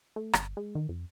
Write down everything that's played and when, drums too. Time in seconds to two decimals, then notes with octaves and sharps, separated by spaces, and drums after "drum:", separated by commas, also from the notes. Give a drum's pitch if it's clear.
0.16 A3
0.33 G1, drum: rim click
0.57 G#3
0.75 D#3
0.89 F2